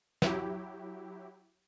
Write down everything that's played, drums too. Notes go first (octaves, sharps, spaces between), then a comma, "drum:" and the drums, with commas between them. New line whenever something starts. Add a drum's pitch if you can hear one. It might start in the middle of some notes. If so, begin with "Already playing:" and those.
F#3 E4 G4, drum: snare